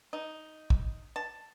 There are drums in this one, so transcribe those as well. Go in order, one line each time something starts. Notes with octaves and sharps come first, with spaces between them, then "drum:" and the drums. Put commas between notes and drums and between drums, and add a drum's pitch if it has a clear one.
D#4
drum: kick
A5